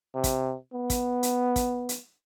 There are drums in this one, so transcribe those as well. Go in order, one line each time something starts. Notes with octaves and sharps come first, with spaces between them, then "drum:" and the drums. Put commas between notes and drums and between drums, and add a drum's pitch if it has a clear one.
C3
drum: kick, hi-hat
B3
drum: kick, hi-hat
drum: hi-hat
drum: kick, hi-hat
drum: hi-hat